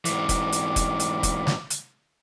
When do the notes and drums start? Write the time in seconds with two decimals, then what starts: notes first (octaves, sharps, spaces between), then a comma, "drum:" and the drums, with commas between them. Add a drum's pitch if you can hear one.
0.05 G#2 E3 D6, drum: hi-hat
0.29 drum: kick F1, hi-hat
0.52 drum: hi-hat
0.76 drum: kick F1, hi-hat
1.00 drum: hi-hat
1.23 drum: kick F1, hi-hat
1.47 drum: snare
1.70 drum: hi-hat